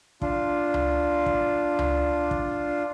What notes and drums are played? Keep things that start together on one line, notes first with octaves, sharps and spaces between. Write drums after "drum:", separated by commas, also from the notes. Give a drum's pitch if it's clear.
D4 F4, drum: kick
drum: tom C#2
drum: kick
drum: tom C#2
drum: kick